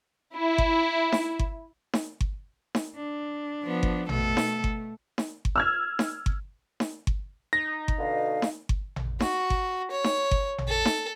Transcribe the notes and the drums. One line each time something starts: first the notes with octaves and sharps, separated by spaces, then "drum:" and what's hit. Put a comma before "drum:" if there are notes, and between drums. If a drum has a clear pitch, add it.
E4
drum: kick G1
drum: snare D#4
drum: kick G1
drum: snare D#4
drum: kick G1
drum: snare D#4
D4
F3 B3
drum: kick G1
B2 A3 A4, drum: tom A1
drum: snare D#4
drum: kick G1
drum: snare D#4
drum: kick G1
E6 F6 G#6
drum: snare D#4
drum: kick G1
drum: snare D#4
drum: kick G1
D#4 A#6
drum: kick G1
B2 D3 F5
drum: snare D#4
drum: kick G1
drum: tom A1
F#4, drum: snare D#4
drum: kick G1
C#5
drum: snare D#4
drum: kick G1
drum: tom A1
A4
drum: snare D#4